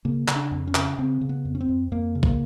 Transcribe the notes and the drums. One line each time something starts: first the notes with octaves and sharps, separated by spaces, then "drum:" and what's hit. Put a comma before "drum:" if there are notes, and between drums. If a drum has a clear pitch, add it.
C#3 A#3
C#3, drum: clap
D4
F2
C#4
C#3, drum: clap
C#3 C4
C#3
B3
F2
C#4
C4
F2
F2 A#3
C#3
A#3, drum: kick